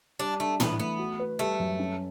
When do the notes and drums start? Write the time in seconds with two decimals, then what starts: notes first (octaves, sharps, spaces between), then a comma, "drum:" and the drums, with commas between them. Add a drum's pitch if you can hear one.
0.19 G3 D4
0.40 A3 D4
0.60 E3 B3, drum: tom
0.79 A3 B3
0.99 F#4
1.20 B4
1.39 G3 A3
1.59 F#2
1.79 C#4